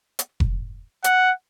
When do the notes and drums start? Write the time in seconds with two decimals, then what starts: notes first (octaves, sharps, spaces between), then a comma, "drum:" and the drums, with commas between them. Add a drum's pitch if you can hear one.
0.19 drum: hi-hat
0.40 drum: kick F1
1.04 F#5, drum: hi-hat